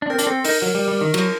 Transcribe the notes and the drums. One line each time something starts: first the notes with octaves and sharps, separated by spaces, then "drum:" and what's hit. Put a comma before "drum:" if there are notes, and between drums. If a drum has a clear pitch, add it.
D4
C4 A#4
D4, drum: hi-hat
C4 A4
D#4 A#4, drum: open hi-hat
F#3 A#4
G3
G3
D#3
F#3, drum: cymbal